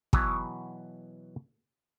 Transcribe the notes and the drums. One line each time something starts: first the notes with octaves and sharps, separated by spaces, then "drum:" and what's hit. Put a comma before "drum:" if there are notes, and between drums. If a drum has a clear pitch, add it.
B2 E3 F#3 B3, drum: kick